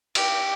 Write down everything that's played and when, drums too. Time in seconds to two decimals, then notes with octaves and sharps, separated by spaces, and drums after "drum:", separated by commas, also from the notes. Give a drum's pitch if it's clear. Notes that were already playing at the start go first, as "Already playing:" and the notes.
0.15 G4, drum: cymbal